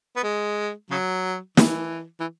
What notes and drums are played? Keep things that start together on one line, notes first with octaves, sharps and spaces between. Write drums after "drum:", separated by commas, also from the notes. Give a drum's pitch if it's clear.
B3
G#3
C#3 F#3
E3, drum: snare
E3